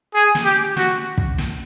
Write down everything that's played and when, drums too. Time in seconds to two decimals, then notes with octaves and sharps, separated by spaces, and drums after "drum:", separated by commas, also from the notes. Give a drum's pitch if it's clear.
0.14 G#4
0.35 drum: snare
0.45 G4
0.76 F#4, drum: snare
1.18 drum: kick
1.38 drum: snare